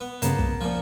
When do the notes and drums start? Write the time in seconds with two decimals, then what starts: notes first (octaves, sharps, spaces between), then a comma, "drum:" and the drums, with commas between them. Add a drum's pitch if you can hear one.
0.01 B3
0.22 G2 C#3 A#3 B3 A5, drum: hi-hat
0.39 drum: kick
0.61 A#2 F3